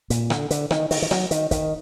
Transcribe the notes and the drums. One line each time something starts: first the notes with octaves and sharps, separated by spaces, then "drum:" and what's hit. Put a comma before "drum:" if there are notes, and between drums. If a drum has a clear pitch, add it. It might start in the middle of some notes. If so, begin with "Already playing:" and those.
A#2, drum: hi-hat
D3, drum: rim click
D3, drum: hi-hat
D#3, drum: rim click
D#3, drum: open hi-hat
D#3
F#3, drum: rim click
D#3, drum: hi-hat
D#3, drum: kick, hi-hat